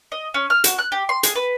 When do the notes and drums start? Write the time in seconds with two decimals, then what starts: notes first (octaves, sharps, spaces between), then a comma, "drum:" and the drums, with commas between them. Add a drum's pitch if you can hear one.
0.12 D#5
0.34 C#4
0.50 F6
0.64 F#4, drum: hi-hat
0.79 F#6
0.92 G4
1.09 C6
1.23 G#4, drum: hi-hat
1.35 B4